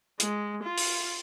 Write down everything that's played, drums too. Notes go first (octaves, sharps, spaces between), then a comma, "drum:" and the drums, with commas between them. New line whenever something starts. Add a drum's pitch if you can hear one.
G#3, drum: hi-hat
F4
drum: open hi-hat